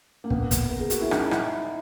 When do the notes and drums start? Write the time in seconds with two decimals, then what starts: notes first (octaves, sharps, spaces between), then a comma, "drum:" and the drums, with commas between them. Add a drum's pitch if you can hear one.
0.24 A#3
0.30 B3, drum: kick
0.51 drum: kick, hi-hat
0.69 A#4
0.79 G#4
0.90 F#4, drum: hi-hat
1.01 E4
1.11 D#4, drum: rim click
1.31 E4, drum: rim click